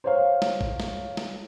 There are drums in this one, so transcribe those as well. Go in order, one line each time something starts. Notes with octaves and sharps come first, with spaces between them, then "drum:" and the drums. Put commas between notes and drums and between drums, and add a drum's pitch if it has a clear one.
C5 C#5 F5
drum: snare
drum: kick
drum: snare
drum: snare